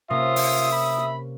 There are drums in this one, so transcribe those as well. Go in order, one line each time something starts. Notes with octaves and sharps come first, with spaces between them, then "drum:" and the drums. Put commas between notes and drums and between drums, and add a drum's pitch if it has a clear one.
C3 A#3 C#4 F4 E5 D#6
drum: open hi-hat
B5
drum: snare